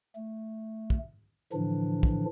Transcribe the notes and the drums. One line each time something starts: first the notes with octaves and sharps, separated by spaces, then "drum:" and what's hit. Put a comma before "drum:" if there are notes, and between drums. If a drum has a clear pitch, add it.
A3
drum: kick
A2 D3 E3 F3 D4
drum: kick